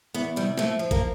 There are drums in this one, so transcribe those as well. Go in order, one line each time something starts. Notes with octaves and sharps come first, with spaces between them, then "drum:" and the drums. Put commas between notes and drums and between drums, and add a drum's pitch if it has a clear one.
E2 B3
C3 G3
F3 A3, drum: snare
F3
A#3, drum: kick A1